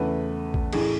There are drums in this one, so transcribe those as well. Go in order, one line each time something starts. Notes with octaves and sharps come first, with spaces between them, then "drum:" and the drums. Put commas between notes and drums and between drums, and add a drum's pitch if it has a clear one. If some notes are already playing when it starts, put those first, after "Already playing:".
Already playing: E2 C#3 E3 A3 B4
drum: kick A#1
A1 A2 E3 G#4, drum: cymbal